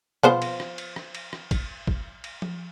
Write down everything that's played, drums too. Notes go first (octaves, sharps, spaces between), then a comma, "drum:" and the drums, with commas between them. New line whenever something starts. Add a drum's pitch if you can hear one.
F3 B3 C5, drum: tom B2
drum: cymbal
drum: rim click
drum: cymbal
drum: rim click
drum: cymbal
drum: rim click
drum: kick, cymbal
drum: kick
drum: cymbal
drum: tom F3